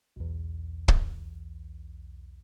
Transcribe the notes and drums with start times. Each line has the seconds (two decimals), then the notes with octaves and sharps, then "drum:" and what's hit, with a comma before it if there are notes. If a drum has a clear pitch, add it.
0.16 B1 E2
0.88 drum: kick